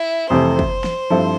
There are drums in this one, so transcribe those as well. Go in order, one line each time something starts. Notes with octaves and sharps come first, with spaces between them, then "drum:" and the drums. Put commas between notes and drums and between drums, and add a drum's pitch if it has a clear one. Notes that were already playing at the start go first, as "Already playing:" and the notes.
Already playing: E4
F2 C3 E3 A3 C4 C5
drum: kick
drum: snare
G2 F3 C4 E4 A4